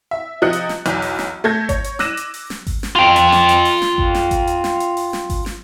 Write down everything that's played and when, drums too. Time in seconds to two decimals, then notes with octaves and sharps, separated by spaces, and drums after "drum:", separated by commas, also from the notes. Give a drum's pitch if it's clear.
0.11 E5
0.42 C3 F3 D#5 F#6 C#7
0.53 drum: hi-hat
0.69 drum: snare
0.86 B1 E2, drum: hi-hat
1.02 drum: open hi-hat
1.19 drum: snare
1.44 A3 A4 G6 G#6 A#6
1.69 C#5, drum: kick G#1, hi-hat
1.84 drum: hi-hat
1.99 D6 E6 F#6 A#6 D#7 E7, drum: snare
2.17 drum: hi-hat
2.34 drum: open hi-hat
2.50 drum: snare
2.67 drum: kick G#1, open hi-hat
2.83 drum: snare
2.96 F4 G5
3.16 drum: hi-hat
3.32 drum: snare
3.49 drum: hi-hat
3.65 drum: open hi-hat
3.82 drum: snare
3.98 drum: kick G#1
4.15 drum: snare
4.31 drum: kick G#1, hi-hat
4.47 drum: hi-hat
4.64 drum: snare
4.80 drum: hi-hat
4.97 drum: open hi-hat
5.13 drum: snare
5.30 drum: kick G#1, open hi-hat
5.46 drum: snare